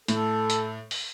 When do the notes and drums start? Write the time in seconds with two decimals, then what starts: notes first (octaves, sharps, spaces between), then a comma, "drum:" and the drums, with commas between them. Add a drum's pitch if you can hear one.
0.08 A2 A4, drum: hi-hat
0.50 drum: hi-hat
0.91 drum: open hi-hat